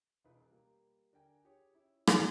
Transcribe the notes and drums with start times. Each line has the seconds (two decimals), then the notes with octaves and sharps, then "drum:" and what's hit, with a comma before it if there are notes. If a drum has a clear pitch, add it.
0.24 E1 C#2 D#4 F4 B4
0.48 G3 A#3
1.13 D3 A#4 G5 G#5
1.44 F4 G4 G#4 C#5
1.74 C#4 E4
2.07 drum: rim click